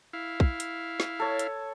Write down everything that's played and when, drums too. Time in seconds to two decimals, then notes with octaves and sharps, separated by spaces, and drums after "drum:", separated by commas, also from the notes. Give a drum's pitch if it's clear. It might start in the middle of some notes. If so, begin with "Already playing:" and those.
0.13 E4 F5
0.40 drum: kick
0.60 drum: hi-hat
1.00 drum: snare
1.20 A4 C#5
1.39 drum: hi-hat